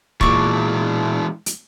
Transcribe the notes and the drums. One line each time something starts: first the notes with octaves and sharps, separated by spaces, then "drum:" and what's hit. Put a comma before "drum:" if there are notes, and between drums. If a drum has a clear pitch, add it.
A#2 E3 G#3 C#6 D6 A6, drum: kick
drum: hi-hat